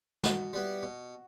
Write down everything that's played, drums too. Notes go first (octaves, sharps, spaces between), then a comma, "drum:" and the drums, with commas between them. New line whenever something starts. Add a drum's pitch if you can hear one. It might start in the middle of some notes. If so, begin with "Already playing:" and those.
B2 F#4, drum: snare
G3 B3 E4
B2